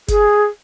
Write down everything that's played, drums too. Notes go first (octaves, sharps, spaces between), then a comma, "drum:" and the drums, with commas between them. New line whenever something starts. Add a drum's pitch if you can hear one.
G#4, drum: kick F#1, hi-hat